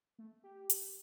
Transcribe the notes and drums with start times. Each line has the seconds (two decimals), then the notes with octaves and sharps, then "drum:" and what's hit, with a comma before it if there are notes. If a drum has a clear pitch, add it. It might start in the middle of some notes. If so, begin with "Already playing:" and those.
0.19 A3
0.44 G4
0.70 drum: hi-hat